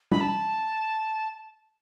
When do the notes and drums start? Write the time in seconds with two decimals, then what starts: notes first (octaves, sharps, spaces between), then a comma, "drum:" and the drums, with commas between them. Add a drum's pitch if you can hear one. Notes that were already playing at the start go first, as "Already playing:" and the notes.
0.12 B5, drum: tom G3
0.21 A5